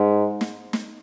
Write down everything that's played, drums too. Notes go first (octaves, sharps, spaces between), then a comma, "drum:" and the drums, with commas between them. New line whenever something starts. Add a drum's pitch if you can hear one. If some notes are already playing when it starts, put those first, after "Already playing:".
Already playing: G#2
drum: snare
drum: snare